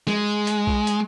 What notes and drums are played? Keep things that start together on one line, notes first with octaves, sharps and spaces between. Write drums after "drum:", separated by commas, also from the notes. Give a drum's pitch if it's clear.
G#3, drum: snare
drum: hi-hat
drum: kick A#1
drum: hi-hat